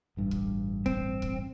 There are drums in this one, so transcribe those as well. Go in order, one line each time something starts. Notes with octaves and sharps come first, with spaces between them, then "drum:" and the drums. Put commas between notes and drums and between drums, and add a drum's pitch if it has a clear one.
A1 G2
drum: kick
C4, drum: kick
drum: kick